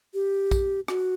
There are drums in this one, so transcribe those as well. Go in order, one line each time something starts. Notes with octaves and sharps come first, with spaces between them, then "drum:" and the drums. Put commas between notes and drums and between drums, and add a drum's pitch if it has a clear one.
G4
drum: kick A#1, tambourine
F#4, drum: rim click